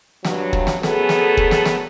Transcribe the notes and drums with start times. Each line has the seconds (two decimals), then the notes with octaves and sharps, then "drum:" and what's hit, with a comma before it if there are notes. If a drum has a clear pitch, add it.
0.25 G2 F#3, drum: snare
0.53 drum: kick
0.67 drum: snare
0.83 F#2 F#3 A3 B3 G#4 A4, drum: snare
1.09 drum: snare
1.37 drum: kick
1.51 drum: snare
1.65 drum: snare